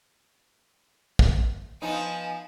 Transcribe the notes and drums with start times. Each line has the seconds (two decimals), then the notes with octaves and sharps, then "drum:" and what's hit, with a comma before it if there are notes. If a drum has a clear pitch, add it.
1.19 drum: kick
1.82 F3 B3 D#4 G#5